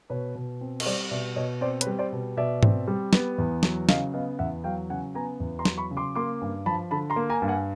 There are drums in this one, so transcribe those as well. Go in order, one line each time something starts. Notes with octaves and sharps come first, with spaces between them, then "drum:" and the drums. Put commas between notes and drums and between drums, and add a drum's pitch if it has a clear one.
B2 B4 C#5
B2
C4
D#5, drum: cymbal
G3 C5 D5
B2 D5 E5
B2 C#5 D#5
C4 C5 D5
B4 C#5, drum: hi-hat
G3
C5 D5
B2
B2 D5 E5
C4, drum: tom G#2
G3
B3, drum: snare
E2
F#3, drum: snare
C#3 D#5 F5, drum: snare
B3 D#5 F5
E2 E5 F#5
F#3 F5 G5
C#3 F#5 G#5
B3 G#5 A#5
E2
A#5 C6
F#3, drum: snare
B5 C#6
C#3
C6 D6
A#3 C6 D6
G2
F3 A5 B5
D3 A5 B5
A#5 C6
A#3
G#5 A#5
G2
F#5 G#5